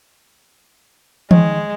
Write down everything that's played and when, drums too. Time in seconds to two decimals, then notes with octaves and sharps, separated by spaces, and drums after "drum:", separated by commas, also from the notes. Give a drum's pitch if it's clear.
1.31 D#3 G#3, drum: tom E3